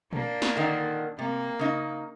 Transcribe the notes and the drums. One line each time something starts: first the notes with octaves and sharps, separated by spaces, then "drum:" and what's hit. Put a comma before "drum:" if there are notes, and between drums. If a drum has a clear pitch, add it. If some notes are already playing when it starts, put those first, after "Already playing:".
A#3 D4, drum: tom A#2
drum: snare
A#2 D3 D#3
C3 A#3
C#3 D#4